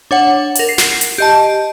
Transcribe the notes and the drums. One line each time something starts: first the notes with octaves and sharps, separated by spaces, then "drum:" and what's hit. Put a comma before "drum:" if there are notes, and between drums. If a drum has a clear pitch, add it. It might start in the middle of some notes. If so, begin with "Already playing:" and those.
D4 C#5 F#5
A#4 F#5, drum: hi-hat
C7
drum: snare
drum: hi-hat
G4 D#5 A5